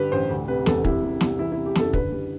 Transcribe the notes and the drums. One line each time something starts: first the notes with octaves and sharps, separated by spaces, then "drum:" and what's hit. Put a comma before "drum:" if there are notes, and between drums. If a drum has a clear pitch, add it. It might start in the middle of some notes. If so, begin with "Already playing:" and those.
Already playing: G2 D3 G4 B4
A1 C5
D2
C3 B4
E1 A4, drum: snare
C3 E4, drum: kick
G3
C2, drum: snare
E2 E4
E4
C3
G4
F#1 A4, drum: snare
D3 B4, drum: kick
G3